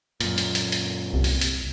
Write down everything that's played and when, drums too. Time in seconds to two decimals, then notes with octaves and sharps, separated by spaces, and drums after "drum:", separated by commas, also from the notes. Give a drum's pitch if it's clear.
0.20 F#2 A#2, drum: hi-hat
0.38 drum: hi-hat
0.55 drum: hi-hat
0.72 drum: hi-hat
1.14 C2
1.24 drum: open hi-hat
1.41 drum: hi-hat